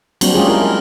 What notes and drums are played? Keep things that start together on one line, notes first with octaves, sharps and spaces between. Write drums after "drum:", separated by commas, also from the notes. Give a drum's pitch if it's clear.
F#3 G3 A#3 C4 D4 F#4, drum: cymbal
G#3 C#4 D4 F4 G4 G#4
C#4 E4 F4 A#4
A#4